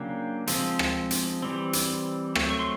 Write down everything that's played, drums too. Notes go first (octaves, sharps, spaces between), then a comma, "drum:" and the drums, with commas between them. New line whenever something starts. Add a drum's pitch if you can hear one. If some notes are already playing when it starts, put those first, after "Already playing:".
Already playing: C#3 F#3 A#3 D4 G5
F3 G#3 C4, drum: hi-hat
drum: rim click
drum: hi-hat
E3 G3 C4
drum: hi-hat
F#3 A3 C4, drum: rim click
C#6
C6